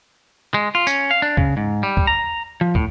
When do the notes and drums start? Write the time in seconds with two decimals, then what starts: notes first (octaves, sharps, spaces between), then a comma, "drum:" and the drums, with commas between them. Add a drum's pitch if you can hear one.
0.54 G#3
0.75 F4
0.87 C#4, drum: tambourine
1.11 F5
1.22 D4
1.37 C#3, drum: kick
1.57 G#2
1.83 G3
1.97 drum: kick
2.07 A#5
2.61 F3
2.75 A2, drum: kick